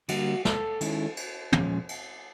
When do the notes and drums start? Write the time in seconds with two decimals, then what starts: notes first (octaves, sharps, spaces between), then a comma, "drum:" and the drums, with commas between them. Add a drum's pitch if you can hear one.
0.08 D3 G3 A#3 F#4, drum: cymbal
0.45 A4, drum: snare
0.81 D#3 G#3 C#4 E4, drum: cymbal
1.17 drum: cymbal
1.52 A#2 F3 G#3 C#4, drum: tom
1.89 drum: cymbal